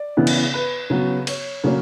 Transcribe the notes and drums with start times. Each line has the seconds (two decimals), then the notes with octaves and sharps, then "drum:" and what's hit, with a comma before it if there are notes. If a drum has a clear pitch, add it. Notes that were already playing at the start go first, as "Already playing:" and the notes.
Already playing: D5
0.17 C#3 E3 B3
0.27 drum: cymbal
0.54 B4
0.90 C#3 F#3 B3
1.27 C#5, drum: cymbal
1.64 C#3 F#3 A#3 C#4